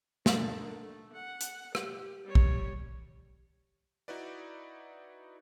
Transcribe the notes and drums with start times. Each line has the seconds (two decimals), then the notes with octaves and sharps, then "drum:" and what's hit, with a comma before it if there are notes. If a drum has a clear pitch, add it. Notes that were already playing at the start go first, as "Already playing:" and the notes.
0.26 D3 D#3, drum: snare
0.81 A3
1.13 F#5
1.41 drum: hi-hat
1.75 G4, drum: rim click
2.24 G3 C#5
2.35 drum: kick
4.08 D#4 E4 F#4 B4 D5